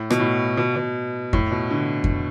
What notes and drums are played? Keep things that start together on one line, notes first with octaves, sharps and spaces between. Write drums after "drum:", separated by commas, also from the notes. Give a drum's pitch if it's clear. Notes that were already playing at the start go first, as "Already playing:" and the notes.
Already playing: A2
B2, drum: rim click
A2
B2
B2
A2, drum: kick F2
B2
D3
drum: kick F2